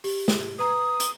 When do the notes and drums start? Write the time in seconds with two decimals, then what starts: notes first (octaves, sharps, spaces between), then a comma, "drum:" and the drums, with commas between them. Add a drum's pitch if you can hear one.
0.04 G4, drum: open hi-hat
0.28 drum: snare
0.59 B4 A#5 D#6
1.00 drum: hi-hat